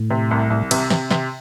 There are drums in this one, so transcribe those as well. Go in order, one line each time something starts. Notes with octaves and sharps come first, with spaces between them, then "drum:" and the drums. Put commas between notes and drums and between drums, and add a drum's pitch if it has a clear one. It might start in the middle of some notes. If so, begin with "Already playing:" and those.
Already playing: A2
C3
C2
C2
C3, drum: cymbal
C3, drum: snare
C3, drum: snare